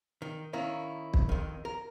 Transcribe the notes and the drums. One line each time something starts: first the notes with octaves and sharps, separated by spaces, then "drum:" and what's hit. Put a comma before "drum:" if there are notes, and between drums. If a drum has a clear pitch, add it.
D#3
D#3 A#3 C#4 E4
drum: kick
F2 D#3
A#4